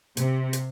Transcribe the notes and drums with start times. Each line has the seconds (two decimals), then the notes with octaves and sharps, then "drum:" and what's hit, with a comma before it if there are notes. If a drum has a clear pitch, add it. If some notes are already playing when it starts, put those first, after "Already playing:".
0.17 C3, drum: hi-hat
0.53 drum: hi-hat